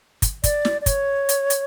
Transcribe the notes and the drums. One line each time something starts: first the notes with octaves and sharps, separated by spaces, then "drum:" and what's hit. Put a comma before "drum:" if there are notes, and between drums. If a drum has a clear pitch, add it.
drum: kick, hi-hat
D5, drum: kick, hi-hat
drum: snare
D5
C#5, drum: kick, hi-hat
drum: hi-hat
drum: hi-hat